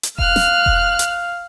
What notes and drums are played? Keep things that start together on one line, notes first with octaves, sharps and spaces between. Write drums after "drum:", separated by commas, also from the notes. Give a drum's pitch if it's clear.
drum: hi-hat
F5 F6 F#6, drum: kick E1
drum: snare
drum: kick E1
drum: hi-hat